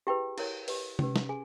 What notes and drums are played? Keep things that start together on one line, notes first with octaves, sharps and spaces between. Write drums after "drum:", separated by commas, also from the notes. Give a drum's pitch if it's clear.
E4 G4 G#4 B4 G5
E4 A#4 C#5, drum: cymbal
G4 B4, drum: open hi-hat
C#4 G4 B4, drum: tom C3
drum: snare
G#4 G#5